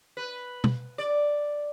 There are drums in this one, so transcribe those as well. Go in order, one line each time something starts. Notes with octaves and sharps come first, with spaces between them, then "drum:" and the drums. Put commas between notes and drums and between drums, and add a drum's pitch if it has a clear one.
B4
drum: tom B2
D5